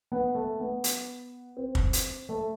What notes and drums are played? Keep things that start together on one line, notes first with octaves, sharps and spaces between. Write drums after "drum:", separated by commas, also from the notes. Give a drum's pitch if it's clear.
B3
A3
B3
drum: hi-hat
C4
drum: kick
drum: hi-hat
A3